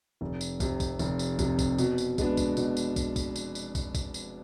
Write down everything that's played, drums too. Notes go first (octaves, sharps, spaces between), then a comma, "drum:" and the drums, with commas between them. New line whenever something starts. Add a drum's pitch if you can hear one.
F1
drum: tambourine
F2 C3, drum: kick, tambourine
drum: kick, tambourine
F1, drum: tambourine
drum: tambourine
F2 C3, drum: kick, tambourine
drum: kick, tambourine
B2, drum: tambourine
drum: tambourine
G#3 B3 D4, drum: kick, tambourine
drum: kick, tambourine
B2, drum: tambourine
drum: tambourine
drum: kick, tambourine
drum: kick, tambourine
drum: tambourine
drum: tambourine
drum: kick, tambourine
drum: kick, tambourine
drum: tambourine